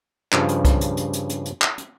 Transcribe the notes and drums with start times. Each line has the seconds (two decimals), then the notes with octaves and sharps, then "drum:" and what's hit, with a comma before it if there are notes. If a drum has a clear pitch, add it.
0.32 G2 C#3 F3, drum: clap
0.49 drum: hi-hat
0.65 drum: kick C2, hi-hat
0.81 drum: hi-hat
0.97 drum: hi-hat
1.13 drum: hi-hat
1.29 drum: hi-hat
1.45 drum: hi-hat
1.62 drum: clap
1.78 drum: hi-hat